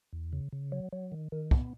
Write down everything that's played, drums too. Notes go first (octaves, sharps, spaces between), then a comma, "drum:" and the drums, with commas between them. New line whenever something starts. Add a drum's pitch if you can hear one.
E2
C#3
C#3
F#3
F#3
D#3
D#3
B3, drum: kick